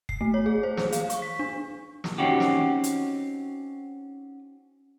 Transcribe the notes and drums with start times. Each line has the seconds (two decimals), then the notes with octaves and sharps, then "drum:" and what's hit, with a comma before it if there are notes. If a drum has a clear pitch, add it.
0.09 C7, drum: kick
0.21 A3
0.34 C#5
0.46 G#4
0.63 C5
0.77 G#4, drum: snare
0.92 F5, drum: hi-hat
1.10 C#6, drum: hi-hat
1.22 B6
1.39 D4
2.04 drum: snare
2.18 C4 C#4 D#4 F#4 G4
2.40 drum: snare
2.84 drum: hi-hat